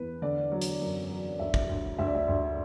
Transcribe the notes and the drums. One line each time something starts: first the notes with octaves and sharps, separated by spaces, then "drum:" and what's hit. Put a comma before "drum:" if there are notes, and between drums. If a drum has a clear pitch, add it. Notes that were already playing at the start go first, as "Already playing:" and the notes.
Already playing: E2 B4
D3 D5
F#3
drum: hi-hat
F#2
F#3
D2 E5
drum: kick
D2
D2 E5
D5
E5
D2